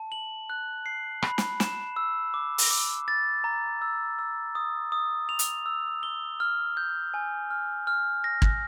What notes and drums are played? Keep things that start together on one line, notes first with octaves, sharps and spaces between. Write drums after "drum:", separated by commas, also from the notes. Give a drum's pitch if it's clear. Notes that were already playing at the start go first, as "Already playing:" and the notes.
Already playing: A5
F#7
F#6
C7
B5, drum: rim click
drum: snare
E7, drum: snare
E6
D6
drum: open hi-hat
D6
A6
A#5
E6
E6
D#6
D#6
F7
drum: hi-hat
E6
G7
F6
G6
G#5
F6
F6
A#6
drum: kick